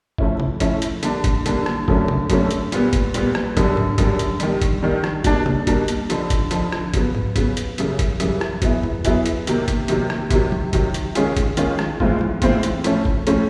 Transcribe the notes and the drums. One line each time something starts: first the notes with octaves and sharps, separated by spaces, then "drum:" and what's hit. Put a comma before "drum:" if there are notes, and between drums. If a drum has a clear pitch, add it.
F3 A3 C#4 E4, drum: kick
drum: tom C3
F3 A3 C#4 E4, drum: kick, hi-hat
drum: hi-hat
D3 G3 A#3 D4, drum: hi-hat
drum: kick, hi-hat
D3 G3 A#3 D4, drum: hi-hat
drum: rim click
F#2 D3 F#3 A3 C#4, drum: kick
drum: tom C3
F#2 D3 F#3 A3 C#4, drum: kick, hi-hat
drum: hi-hat
A#2 G3 B3, drum: hi-hat
drum: kick, hi-hat
A#2 G3 B3, drum: hi-hat
drum: rim click
F#2 D3 G3, drum: kick, hi-hat
drum: tom G#2
F#2 D3 G3, drum: kick, hi-hat
drum: hi-hat
G2 D#3 G3, drum: hi-hat
drum: kick, hi-hat
G2 D#3 G3
drum: rim click
B2 G3 A#3 D4, drum: kick, hi-hat
drum: tom C3
B2 G3 A#3 D4, drum: kick, hi-hat
drum: hi-hat
F2 D3 F3, drum: hi-hat
drum: kick, hi-hat
F2 D3 F3, drum: hi-hat
drum: rim click
C#3 F#3 B3, drum: kick, hi-hat
drum: tom G#2
C#3 F#3 B3, drum: kick, hi-hat
drum: hi-hat
F#2 C#3 E3 G3, drum: hi-hat
drum: kick, hi-hat
F#2 C#3 E3 G3, drum: hi-hat
drum: rim click
F#3 B3 E4 G#4, drum: kick, hi-hat
drum: tom E2
F#3 B3 E4 G#4, drum: kick, hi-hat
drum: hi-hat
C3 D#3 F#3 A#3, drum: hi-hat
drum: kick, hi-hat
C3 D#3 F#3 A#3, drum: hi-hat
drum: rim click
C3 D#3 F#3, drum: kick, hi-hat
drum: tom F#3
C3 D#3 F#3, drum: kick, hi-hat
drum: hi-hat
D#3 G#3 C#4 F4 G#4, drum: hi-hat
drum: kick, hi-hat
D#3 G#3 C#4 F4 G#4, drum: hi-hat
drum: rim click
A2 E3 G#3 C4 F4, drum: kick
drum: tom F#3
A2 E3 G#3 C4 F4, drum: kick, hi-hat
drum: hi-hat
A2 F3 A3 C#4, drum: hi-hat
drum: kick
A2 F3 A3 C#4, drum: hi-hat